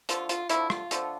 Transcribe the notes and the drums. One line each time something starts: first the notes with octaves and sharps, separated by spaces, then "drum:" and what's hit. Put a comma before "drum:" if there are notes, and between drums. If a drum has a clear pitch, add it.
D3 F3 A3 F4, drum: hi-hat
F4, drum: hi-hat
D3 F3 A3 E4, drum: hi-hat
F4, drum: rim click
D3 F3 A3, drum: hi-hat